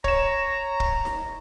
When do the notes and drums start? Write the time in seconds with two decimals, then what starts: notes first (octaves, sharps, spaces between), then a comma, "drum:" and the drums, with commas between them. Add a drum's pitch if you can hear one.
0.04 C#5 A#5 E7, drum: kick
0.80 drum: kick
1.05 drum: snare D#4